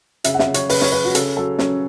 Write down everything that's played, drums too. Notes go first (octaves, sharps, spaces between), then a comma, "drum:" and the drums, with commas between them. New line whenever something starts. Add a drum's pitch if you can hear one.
C#3 E5, drum: hi-hat
F#5
E5, drum: snare
C#3
C#5, drum: hi-hat
C#3 B4, drum: open hi-hat
C#5, drum: snare
C#4 B4
F#4
C#3 A4, drum: hi-hat
F#3 A4
F#3 C#4, drum: snare